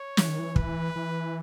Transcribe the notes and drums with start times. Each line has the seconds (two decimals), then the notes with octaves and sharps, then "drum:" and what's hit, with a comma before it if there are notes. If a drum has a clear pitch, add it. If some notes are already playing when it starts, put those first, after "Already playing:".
Already playing: C#5
0.17 E3, drum: snare
0.28 D#3
0.39 E3
0.56 B4, drum: kick
0.96 E3